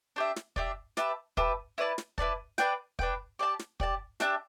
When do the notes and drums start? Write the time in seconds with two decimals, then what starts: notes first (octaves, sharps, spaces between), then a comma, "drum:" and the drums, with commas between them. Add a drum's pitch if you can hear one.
0.16 D4 G4 E5
0.36 drum: snare
0.56 D4 G4 E5, drum: kick
0.97 G4 B4 E5 A5, drum: snare
1.37 G4 B4 E5 A5, drum: kick
1.78 E4 B4 D5 A5
1.98 drum: snare
2.18 E4 B4 D5 A5, drum: kick
2.58 D4 B4 G5, drum: snare
2.99 D4 B4 G5, drum: kick
3.39 G4 D5 A5
3.59 drum: snare
3.80 G4 D5 A5, drum: kick
4.20 D4 G4 E5 A5, drum: snare